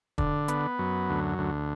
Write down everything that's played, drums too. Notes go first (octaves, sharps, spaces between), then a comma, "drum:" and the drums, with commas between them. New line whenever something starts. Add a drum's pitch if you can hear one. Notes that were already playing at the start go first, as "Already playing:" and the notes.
D3, drum: kick
B3, drum: hi-hat
F#2
D2
D2